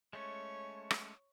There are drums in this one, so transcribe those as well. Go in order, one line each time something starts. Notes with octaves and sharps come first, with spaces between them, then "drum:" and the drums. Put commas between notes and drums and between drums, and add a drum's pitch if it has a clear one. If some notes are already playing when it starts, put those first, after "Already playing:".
G#3 A3 C#4 C#5
drum: rim click